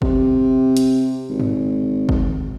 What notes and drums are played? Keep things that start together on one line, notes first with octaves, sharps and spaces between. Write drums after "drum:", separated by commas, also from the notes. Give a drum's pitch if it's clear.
C3, drum: kick G1
drum: hi-hat
G#1
drum: tom G2
drum: kick G1